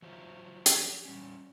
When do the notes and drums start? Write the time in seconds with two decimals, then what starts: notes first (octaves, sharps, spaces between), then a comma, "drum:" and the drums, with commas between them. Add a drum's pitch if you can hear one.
0.02 F3 F#3 C5 E5
0.66 drum: hi-hat
0.84 G4
1.05 G3 C#4